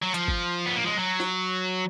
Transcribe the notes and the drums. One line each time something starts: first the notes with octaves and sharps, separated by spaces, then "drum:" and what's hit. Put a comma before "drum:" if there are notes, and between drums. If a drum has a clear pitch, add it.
F#3
F3, drum: hi-hat
drum: kick G1
B3
A#3
G#3
F#3
drum: snare